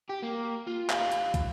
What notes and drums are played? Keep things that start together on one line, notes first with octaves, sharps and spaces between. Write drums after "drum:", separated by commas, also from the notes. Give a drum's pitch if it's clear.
G4
A#3
F4
G4 F5, drum: clap
drum: hi-hat
drum: kick, hi-hat